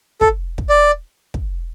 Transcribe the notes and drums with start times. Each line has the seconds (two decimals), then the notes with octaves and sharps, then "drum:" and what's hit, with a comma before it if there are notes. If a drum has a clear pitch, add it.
0.21 A4, drum: kick
0.58 drum: kick
0.69 D5
1.34 drum: kick